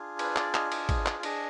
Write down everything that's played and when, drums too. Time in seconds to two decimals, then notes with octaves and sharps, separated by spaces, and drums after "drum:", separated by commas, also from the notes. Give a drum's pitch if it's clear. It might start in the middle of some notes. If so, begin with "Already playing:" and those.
Already playing: D4 F4 G#4
0.19 B4, drum: cymbal
0.36 D5, drum: clap
0.54 D#5, drum: clap
0.72 D#5, drum: cymbal
0.89 drum: kick, cymbal
1.06 drum: clap
1.23 D4 G#4 D#5, drum: cymbal